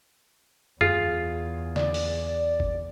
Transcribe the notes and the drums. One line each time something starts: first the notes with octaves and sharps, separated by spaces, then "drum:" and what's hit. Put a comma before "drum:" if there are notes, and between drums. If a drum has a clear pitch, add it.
E2 F4 G#4, drum: tom F#2
D5, drum: snare
drum: open hi-hat
drum: kick G1